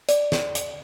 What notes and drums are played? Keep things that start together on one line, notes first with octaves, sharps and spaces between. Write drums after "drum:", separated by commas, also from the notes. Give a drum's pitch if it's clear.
D5, drum: hi-hat
drum: snare
drum: hi-hat